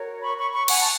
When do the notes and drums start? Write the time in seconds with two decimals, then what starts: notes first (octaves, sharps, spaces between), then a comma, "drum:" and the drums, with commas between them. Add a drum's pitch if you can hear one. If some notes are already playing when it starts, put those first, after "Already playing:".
Already playing: F#4 A#4 C#5
0.23 B5 C#6
0.38 B5 C#6
0.53 B5 C#6
0.68 F#5 G#5, drum: cymbal
0.80 A5